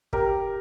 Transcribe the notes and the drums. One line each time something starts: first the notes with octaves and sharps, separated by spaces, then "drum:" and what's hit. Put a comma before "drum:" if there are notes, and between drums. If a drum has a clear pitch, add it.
G4 A#4, drum: kick